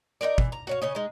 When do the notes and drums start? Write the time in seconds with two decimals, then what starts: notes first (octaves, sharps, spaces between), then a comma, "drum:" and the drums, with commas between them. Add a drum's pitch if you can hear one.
0.21 D#4 F#4 A#4 D5
0.38 E3, drum: kick
0.52 A#5
0.67 F#4 C#5 F5
0.82 C#3 C#5 D#5
0.95 G#3 D#4